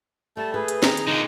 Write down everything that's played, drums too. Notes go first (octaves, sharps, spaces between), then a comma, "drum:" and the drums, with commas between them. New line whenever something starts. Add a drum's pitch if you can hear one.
G3 A3 A5
G#4 B4
drum: hi-hat
D#3 A#5, drum: snare
drum: hi-hat
A#2 D3 D#4